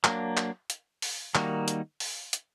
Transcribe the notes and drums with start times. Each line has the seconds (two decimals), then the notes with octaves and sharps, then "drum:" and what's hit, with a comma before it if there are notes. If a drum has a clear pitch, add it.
0.04 F#3 A#3 D4, drum: clap
0.37 drum: clap
0.70 drum: hi-hat
1.02 drum: open hi-hat
1.35 D#3 G3 A#3 D#4 F#4, drum: clap
1.68 drum: hi-hat
2.00 drum: open hi-hat
2.33 drum: hi-hat